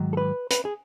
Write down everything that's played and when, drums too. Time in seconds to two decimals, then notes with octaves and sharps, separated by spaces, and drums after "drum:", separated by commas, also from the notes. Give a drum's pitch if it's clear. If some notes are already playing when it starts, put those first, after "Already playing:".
Already playing: G#2 D#3 F#3
0.13 A4
0.17 B4
0.51 B4, drum: hi-hat
0.65 G#4